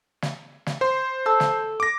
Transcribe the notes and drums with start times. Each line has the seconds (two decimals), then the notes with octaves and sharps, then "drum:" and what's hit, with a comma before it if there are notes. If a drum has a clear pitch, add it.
0.22 drum: snare
0.66 drum: snare
0.81 C5 C6
1.26 A4 E6
1.40 drum: snare
1.80 D6 A#6